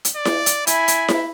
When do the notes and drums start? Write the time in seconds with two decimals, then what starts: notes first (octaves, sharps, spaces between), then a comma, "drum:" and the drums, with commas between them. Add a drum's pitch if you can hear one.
0.05 drum: hi-hat
0.16 D5
0.25 drum: snare E4
0.46 drum: hi-hat
0.67 E4 G#5, drum: hi-hat
0.88 drum: hi-hat
1.08 drum: snare E4